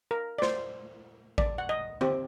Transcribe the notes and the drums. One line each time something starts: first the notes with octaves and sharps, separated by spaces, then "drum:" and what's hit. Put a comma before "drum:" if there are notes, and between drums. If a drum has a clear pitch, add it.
A#4
D5
C5, drum: snare
D5, drum: kick A1
F#5
D#5
C4 G4, drum: tom D3